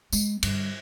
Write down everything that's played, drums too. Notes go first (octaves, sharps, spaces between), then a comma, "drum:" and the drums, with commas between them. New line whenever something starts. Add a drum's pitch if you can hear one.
G#3, drum: tambourine
G2 D3, drum: cymbal